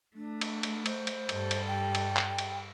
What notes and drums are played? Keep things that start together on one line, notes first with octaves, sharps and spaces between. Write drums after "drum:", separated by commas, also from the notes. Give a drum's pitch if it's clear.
A3 D4
drum: cymbal
drum: cymbal
C5, drum: cymbal
drum: cymbal
G2 G3 A4, drum: cymbal
drum: cymbal
G5
drum: cymbal
drum: clap
drum: cymbal